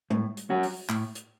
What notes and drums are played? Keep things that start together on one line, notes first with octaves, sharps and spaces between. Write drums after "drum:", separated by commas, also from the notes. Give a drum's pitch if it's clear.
A2, drum: tom G3
drum: hi-hat
F#3 C#4 F#4
drum: open hi-hat
A2, drum: clap
drum: hi-hat